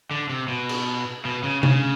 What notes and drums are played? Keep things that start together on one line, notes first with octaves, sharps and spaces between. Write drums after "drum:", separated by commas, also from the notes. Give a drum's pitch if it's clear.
D3
C3
B2
drum: cymbal
B2
C#3
C#3, drum: tom C3